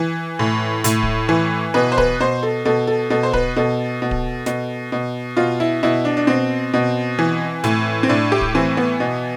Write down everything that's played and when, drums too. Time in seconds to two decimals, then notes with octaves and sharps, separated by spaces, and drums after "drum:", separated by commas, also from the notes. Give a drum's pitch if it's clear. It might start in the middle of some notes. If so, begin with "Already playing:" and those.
Already playing: E3
0.39 A2
0.84 A2, drum: hi-hat
1.03 drum: kick D1
1.29 E3
1.74 B2 B4
1.92 C5
1.98 B4, drum: kick D1
2.20 B2 C5
2.43 A4
2.65 B2 A4
2.87 A4
3.10 B2 A4
3.23 C5
3.33 B4, drum: kick D1
3.57 B2 A4
4.02 B2
4.11 drum: kick D1
4.46 B2, drum: snare
4.92 B2
5.37 B2 F4
5.60 E4
5.83 B2 E4
6.05 D4
6.17 D4
6.27 B2 C4
6.74 B2
7.19 E3
7.64 A2, drum: snare
8.03 C4
8.09 A2 D4
8.32 G4
8.41 drum: kick D1
8.55 E3 C4
8.77 B3
9.00 B2